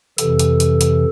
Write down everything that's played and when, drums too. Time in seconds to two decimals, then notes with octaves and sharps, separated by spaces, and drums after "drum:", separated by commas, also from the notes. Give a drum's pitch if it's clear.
0.18 F2 C3 E3 A4, drum: hi-hat
0.39 drum: hi-hat
0.60 drum: hi-hat
0.81 drum: hi-hat